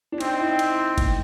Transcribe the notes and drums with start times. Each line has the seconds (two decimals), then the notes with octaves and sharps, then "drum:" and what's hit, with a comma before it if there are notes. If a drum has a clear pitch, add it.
0.12 D4
0.21 C4 D#4, drum: cymbal
0.39 E4
0.59 drum: cymbal
0.98 drum: kick G1, cymbal